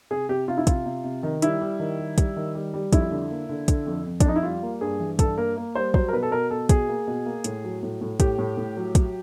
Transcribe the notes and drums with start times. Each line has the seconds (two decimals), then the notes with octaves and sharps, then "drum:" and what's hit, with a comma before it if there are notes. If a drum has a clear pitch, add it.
0.11 C3 G#4
0.29 C3 G4
0.48 C3 F4
0.58 E4
0.67 C3 F4, drum: kick, hi-hat
0.86 C3
1.04 C3
1.23 D#3
1.42 G3 E4, drum: hi-hat
1.61 G3
1.80 D#3
1.99 G3
2.18 G3, drum: kick, hi-hat
2.36 D#3
2.55 G3
2.74 G3
2.93 F2 E4, drum: kick, hi-hat
3.11 D3
3.31 A#3
3.49 D3
3.68 D3, drum: kick, hi-hat
3.86 F2
4.06 F2
4.20 D4, drum: kick, hi-hat
4.25 F2 D#4
4.36 E4
4.43 G3 F4
4.63 A#3
4.81 G2 G#4
5.00 E3
5.19 G2 A4, drum: kick, hi-hat
5.38 A#3 A#4
5.57 A#3
5.75 G3 C5
5.94 F#3 C5, drum: kick
6.08 A#4
6.13 B2 B4
6.23 A4
6.31 B2 A#4
6.50 B2 A4
6.69 B2 G#4, drum: kick, hi-hat
6.88 A#3
7.07 B2
7.26 A#3
7.44 A2, drum: hi-hat
7.64 F#3
7.83 A2
8.01 A2
8.20 A2 G4, drum: kick, hi-hat
8.39 A2
8.57 A2
8.77 F#3
8.95 F#3, drum: kick, hi-hat